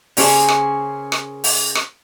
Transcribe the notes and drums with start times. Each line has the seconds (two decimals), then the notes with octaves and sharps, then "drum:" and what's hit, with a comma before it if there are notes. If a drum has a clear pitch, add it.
0.17 C#3 A#3 C#4 G#4 C5, drum: open hi-hat
0.48 drum: rim click
1.12 drum: rim click
1.44 drum: open hi-hat
1.75 drum: rim click